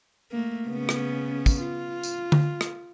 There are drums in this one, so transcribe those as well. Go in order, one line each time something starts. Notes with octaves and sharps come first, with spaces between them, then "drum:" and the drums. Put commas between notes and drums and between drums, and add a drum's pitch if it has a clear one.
A3 A#3
C#3 B3 C#4
drum: rim click
drum: kick, tambourine
F4
drum: tambourine
drum: tom D3
drum: rim click